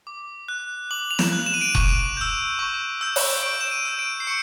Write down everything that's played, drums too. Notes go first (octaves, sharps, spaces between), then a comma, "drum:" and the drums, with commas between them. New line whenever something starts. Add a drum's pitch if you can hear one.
D6
F#6
D6 F#7
F7
E7, drum: snare
F#6
E7
D#7
D7
D#7
C#6, drum: kick F1
E6 G6
C#6
E6 G6
drum: open hi-hat
C#6 D7
E7
D#7
E6 G6
D7
C7
C#6 C#7